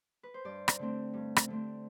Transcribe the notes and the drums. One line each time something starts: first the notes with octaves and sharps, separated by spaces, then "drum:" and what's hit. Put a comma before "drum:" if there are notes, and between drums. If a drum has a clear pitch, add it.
B4
C5
G2 D5
drum: rim click
D3 A3 C4
G2
drum: rim click
D3 A3 C4